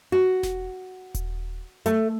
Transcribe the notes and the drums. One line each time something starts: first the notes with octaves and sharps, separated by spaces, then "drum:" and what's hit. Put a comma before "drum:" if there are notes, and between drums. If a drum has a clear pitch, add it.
F#4
drum: snare E1
drum: kick D#1, hi-hat
A3, drum: hi-hat